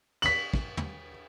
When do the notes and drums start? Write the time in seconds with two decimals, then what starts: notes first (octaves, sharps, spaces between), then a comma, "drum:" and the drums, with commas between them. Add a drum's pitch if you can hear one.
0.22 B6 F#7, drum: cymbal
0.54 drum: kick
0.77 drum: tom